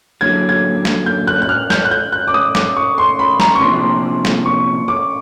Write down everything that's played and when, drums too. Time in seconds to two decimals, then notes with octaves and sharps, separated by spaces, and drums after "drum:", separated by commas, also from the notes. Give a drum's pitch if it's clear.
0.21 D3 F#3 A#3 G#6
0.49 G#6
0.85 drum: snare
1.06 G6
1.27 F#6
1.42 F#6
1.49 F6
1.70 G6, drum: snare
1.85 F#6
1.91 G6
2.12 F#6
2.28 D6
2.34 D#6
2.55 D6, drum: snare
2.76 C#6
2.98 C6
3.19 B5
3.40 A#5, drum: snare
3.55 C#6
3.61 C3 F3 A#3 D4 C6
4.25 drum: snare
4.46 C#6
4.88 D6